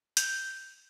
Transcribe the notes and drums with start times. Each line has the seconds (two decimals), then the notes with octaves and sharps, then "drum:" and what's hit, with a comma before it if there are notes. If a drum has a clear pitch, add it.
0.17 G6, drum: hi-hat